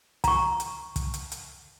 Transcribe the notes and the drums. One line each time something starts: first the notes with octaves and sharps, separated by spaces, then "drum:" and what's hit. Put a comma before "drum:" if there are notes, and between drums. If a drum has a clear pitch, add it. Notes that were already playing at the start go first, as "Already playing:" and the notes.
A#5 C#6, drum: kick, hi-hat
drum: hi-hat
drum: kick, hi-hat
drum: hi-hat
drum: hi-hat